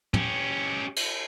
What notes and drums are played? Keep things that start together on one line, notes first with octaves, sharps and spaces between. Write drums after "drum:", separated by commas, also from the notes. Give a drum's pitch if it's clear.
C#4 G4, drum: tom
drum: cymbal